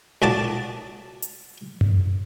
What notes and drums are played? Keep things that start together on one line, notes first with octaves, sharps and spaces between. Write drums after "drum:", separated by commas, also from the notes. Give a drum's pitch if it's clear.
B1 A#2 F#4 A5 D6
drum: hi-hat
drum: tom F#2